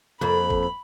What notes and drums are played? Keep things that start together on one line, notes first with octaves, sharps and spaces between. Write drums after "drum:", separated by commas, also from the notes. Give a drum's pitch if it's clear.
F2 A#3 B5, drum: tom C3
drum: kick